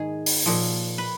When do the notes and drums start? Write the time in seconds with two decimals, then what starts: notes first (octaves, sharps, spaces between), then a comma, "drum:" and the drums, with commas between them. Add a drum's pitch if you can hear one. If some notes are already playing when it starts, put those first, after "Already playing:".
Already playing: G#2 D#3 G#4
0.26 drum: open hi-hat
0.46 A#2 F3
0.98 B4